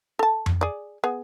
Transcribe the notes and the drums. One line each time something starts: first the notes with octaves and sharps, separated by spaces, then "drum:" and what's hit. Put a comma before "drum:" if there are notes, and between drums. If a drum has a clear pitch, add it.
A4 A5
drum: tom F2
G#4 D5
B3 G#4